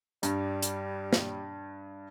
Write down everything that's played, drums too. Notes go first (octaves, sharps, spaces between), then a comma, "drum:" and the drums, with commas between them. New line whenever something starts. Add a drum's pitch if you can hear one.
G2 G3, drum: hi-hat
drum: hi-hat
drum: snare